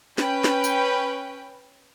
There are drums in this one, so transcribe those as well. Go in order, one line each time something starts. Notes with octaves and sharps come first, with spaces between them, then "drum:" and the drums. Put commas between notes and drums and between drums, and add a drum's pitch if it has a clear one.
C#4 B4 G5, drum: snare
drum: snare
drum: tambourine